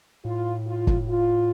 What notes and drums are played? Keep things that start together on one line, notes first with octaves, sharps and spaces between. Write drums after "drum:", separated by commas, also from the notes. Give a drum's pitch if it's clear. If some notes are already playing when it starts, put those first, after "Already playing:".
A2 F4
F4
drum: kick
F4